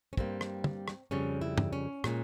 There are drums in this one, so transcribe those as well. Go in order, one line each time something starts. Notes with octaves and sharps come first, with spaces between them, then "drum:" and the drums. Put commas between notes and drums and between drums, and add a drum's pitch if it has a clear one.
C#4
G2 G3 A#3 C4, drum: kick
drum: rim click
drum: tom
drum: rim click
F2 C#3 G3 C#4
E4
drum: tom
C#4
A#2 G#3, drum: rim click